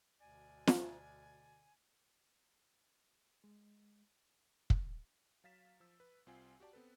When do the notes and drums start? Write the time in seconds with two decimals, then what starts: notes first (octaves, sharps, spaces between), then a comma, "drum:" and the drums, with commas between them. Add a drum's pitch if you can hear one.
0.20 D2 B2 D3 D5 G#5
0.67 drum: snare
3.44 G#3
4.70 drum: kick
5.44 F#3 F5 A6 B6 E7
5.80 F3 E6
6.00 B4
6.27 C2 C4 F4 G#5 C7
6.60 F#4 G4 D5 A5
6.73 B3 C4 A4 B4